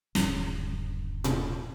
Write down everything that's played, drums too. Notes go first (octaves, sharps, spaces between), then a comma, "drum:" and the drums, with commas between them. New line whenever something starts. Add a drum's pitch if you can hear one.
D#1 G2 D3, drum: snare
drum: tom A#2